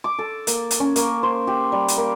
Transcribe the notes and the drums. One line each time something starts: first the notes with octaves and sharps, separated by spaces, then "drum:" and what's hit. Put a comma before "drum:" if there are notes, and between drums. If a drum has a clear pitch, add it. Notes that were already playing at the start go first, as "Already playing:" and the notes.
D6
A4
A#3, drum: hi-hat
drum: hi-hat
C#4
A#3, drum: hi-hat
C5
G4
G3
drum: hi-hat
A#3